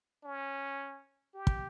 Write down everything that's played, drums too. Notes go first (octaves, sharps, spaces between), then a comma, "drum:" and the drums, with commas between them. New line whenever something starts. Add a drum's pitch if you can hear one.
C#4
G4
drum: kick